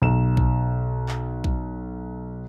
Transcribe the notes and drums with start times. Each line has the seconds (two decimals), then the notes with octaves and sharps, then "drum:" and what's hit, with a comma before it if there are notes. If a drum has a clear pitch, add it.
0.02 B1 E7
0.37 drum: kick A#1
1.09 drum: clap
1.44 drum: kick A#1